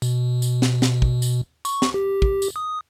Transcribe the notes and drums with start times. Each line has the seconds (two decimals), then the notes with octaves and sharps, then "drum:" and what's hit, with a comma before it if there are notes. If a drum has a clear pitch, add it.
0.02 B2, drum: tambourine
0.42 drum: tambourine
0.62 drum: snare
0.82 drum: snare
1.02 drum: kick
1.22 drum: tambourine
1.65 C#6, drum: tambourine
1.82 drum: snare
1.94 G4
2.22 drum: kick
2.42 drum: tambourine
2.56 D#6